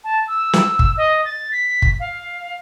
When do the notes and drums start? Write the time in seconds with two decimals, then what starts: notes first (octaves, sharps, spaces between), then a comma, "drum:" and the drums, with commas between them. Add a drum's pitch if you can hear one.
0.04 A5
0.28 E6
0.53 drum: snare
0.79 drum: kick
0.97 D#5
1.25 A6
1.52 B6
1.82 drum: kick
2.00 F5